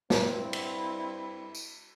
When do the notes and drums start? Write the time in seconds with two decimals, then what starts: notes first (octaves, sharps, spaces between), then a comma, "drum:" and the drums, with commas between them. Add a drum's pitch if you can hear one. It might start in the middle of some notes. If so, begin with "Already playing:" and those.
0.10 G2 C4 E4, drum: snare
0.53 drum: cymbal
1.55 drum: tambourine